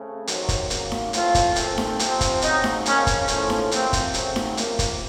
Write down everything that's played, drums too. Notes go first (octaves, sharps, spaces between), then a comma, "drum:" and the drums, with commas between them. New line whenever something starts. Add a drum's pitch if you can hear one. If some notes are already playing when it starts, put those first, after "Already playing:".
Already playing: C#3 A3 C4
C3 D#3 F#3, drum: hi-hat
drum: kick, hi-hat
C#3 F#3 A#3, drum: hi-hat
drum: snare D#4
A2 A3 C4 F4, drum: hi-hat
drum: kick, hi-hat
A#2 A3 C4, drum: hi-hat
drum: snare D#4
C3 F3 C4, drum: hi-hat
drum: kick, hi-hat
C#3 F#3 C4 D#4, drum: hi-hat
drum: snare D#4
C#3 F3 A#3 C#4, drum: hi-hat
drum: kick, hi-hat
A2 F3 A3 C#4, drum: hi-hat
drum: snare D#4
C3 F3 A#3 C4, drum: hi-hat
drum: kick, hi-hat
C#3 F#3 A3 C4, drum: hi-hat
drum: snare D#4
C3 F3 A#3, drum: hi-hat
drum: kick, hi-hat